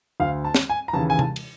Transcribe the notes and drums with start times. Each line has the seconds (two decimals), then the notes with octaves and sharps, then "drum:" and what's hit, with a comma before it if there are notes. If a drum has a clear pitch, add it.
0.20 D2 D3 F5
0.45 A5
0.55 drum: snare
0.70 G#5
0.88 A#5
0.93 D#2 C#3 E3 A5
1.10 G#5
1.19 A5, drum: tom C3
1.36 drum: cymbal